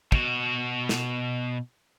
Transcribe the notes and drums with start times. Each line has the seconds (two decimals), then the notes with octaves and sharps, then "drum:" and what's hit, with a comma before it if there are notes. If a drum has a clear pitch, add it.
0.12 B2 F#4, drum: kick
0.89 drum: snare